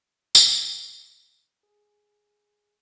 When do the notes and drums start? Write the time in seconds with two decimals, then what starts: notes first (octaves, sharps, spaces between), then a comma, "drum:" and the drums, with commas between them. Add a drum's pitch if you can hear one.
0.35 drum: tambourine
1.63 G#4